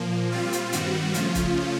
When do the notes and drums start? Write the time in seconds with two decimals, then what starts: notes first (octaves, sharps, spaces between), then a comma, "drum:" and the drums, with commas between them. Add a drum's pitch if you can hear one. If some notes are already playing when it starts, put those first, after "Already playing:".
Already playing: A#2 F3 A#3
0.32 A#2 G3 C4 F4
0.53 drum: hi-hat
0.73 G2 D#3 G3 C4 F#4, drum: hi-hat
1.14 C#3 F3 A3 C#4 F4, drum: hi-hat
1.35 drum: kick, hi-hat